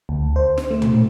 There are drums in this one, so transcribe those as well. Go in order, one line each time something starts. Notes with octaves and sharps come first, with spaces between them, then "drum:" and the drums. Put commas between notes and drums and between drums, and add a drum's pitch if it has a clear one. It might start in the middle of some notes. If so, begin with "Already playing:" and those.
D2
C5
drum: snare
A3
drum: tom